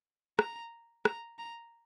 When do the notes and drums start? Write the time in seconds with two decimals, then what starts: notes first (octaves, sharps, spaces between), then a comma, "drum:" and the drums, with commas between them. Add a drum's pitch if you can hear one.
0.39 A#5, drum: rim click
1.05 A#5, drum: rim click
1.39 A#5